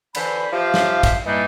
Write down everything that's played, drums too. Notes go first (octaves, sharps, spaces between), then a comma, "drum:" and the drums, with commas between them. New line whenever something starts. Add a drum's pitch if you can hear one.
D3 E3 C5 B5, drum: cymbal
F3 G4 C5 E5 F5
drum: snare
drum: kick, cymbal
E3 G3 A#3 D4 D#4 D#5